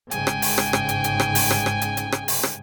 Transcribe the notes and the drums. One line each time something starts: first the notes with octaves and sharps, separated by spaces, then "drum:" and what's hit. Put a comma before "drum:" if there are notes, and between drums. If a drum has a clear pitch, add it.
G1 G#2 C#3 G5 G#5, drum: hi-hat
drum: rim click
drum: open hi-hat
drum: rim click
drum: rim click
drum: hi-hat
drum: hi-hat
drum: rim click
drum: open hi-hat
drum: rim click
drum: rim click
drum: hi-hat
drum: hi-hat
drum: rim click
drum: open hi-hat
drum: rim click